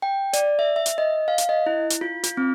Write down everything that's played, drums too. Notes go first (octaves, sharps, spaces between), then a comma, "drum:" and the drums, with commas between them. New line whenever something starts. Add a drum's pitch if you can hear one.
G5
D5, drum: hi-hat
E5
E5
drum: hi-hat
D#5
F5
drum: hi-hat
D#5
E4
drum: hi-hat
F4
F4, drum: hi-hat
C4